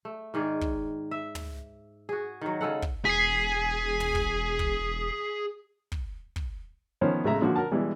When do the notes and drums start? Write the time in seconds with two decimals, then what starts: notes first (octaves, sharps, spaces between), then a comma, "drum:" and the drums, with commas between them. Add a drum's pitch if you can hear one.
0.05 A3
0.34 G#2 D#3 G#4 D5
0.61 drum: kick
1.11 E5
1.35 drum: tom
2.09 F#4 G#4
2.41 D#3 F#3
2.61 C#3 G#3 A4 F#5
2.82 drum: kick
3.05 E1 G#4 B6 C7
4.00 drum: tom
4.15 drum: kick
4.59 drum: kick
5.92 drum: kick
6.36 drum: kick
7.01 D#3 F3 B3 C#4 C5
7.24 A1 C#3 G#3 A3 E5 A#5
7.41 A#2 D3 F3 F#4
7.56 A#4 F#5 A5
7.71 B2 E3 G3 G#3